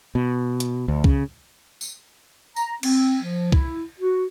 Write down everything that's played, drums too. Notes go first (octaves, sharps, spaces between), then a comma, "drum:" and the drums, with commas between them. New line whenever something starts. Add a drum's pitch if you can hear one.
B2
drum: hi-hat
D2
C#3, drum: kick C2
drum: tambourine
A#5, drum: tambourine
C4, drum: cymbal
F3
E4, drum: kick C2
F#4